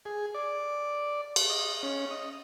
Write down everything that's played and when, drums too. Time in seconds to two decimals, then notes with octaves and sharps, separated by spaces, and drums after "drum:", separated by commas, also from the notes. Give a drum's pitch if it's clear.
0.05 G#4
0.35 D5
1.36 drum: cymbal
1.50 D#5
1.83 C#4
2.11 D#5